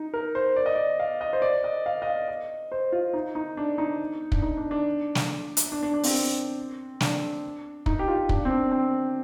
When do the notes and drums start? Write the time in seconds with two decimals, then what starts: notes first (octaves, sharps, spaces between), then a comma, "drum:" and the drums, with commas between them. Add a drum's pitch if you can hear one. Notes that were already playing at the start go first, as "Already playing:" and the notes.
Already playing: D#4
0.14 A#4
0.35 C5
0.56 D5
0.66 D#5
0.75 D5
0.99 F5
1.21 D#5
1.33 C5
1.42 D5
1.64 D#5
1.86 F5
2.02 D#5
2.07 F5
2.28 D#5
2.72 C5
2.92 F4
3.14 D#4
3.35 D#4
3.57 D4
3.78 D#4
4.32 D4, drum: kick
4.42 D#4
4.57 D4
4.71 D4
5.15 drum: snare
5.57 drum: hi-hat
5.72 D4
5.83 D4
5.94 D4
6.03 C4, drum: open hi-hat
7.00 D4, drum: snare
7.86 D#4, drum: kick
7.99 G4
8.08 F4
8.29 D4, drum: kick
8.45 C4
8.50 D4
8.71 C4